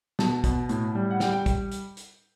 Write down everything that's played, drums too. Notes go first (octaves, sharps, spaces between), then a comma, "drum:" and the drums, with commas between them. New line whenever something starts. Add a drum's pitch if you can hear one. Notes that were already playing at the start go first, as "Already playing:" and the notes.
B2 A5, drum: snare
B2, drum: kick, hi-hat
A2, drum: hi-hat
G3
F#5
G3 G5, drum: snare
G5
drum: kick, hi-hat
drum: hi-hat
drum: hi-hat